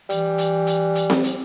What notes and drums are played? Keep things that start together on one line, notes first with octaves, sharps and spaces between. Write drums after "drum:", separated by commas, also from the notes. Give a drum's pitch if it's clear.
E3 G3, drum: hi-hat
drum: hi-hat
drum: hi-hat
drum: hi-hat
drum: snare C4
drum: hi-hat